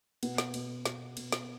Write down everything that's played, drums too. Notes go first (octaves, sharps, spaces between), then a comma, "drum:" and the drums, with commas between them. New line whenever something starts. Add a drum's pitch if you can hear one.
B2 B3, drum: cymbal
drum: snare
B2, drum: cymbal
B2, drum: snare
B2, drum: cymbal
drum: snare